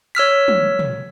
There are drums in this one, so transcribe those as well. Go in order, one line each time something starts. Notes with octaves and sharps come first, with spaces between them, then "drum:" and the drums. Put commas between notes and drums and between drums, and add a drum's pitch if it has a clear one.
C#5 E6 F6 B6
drum: tom
drum: tom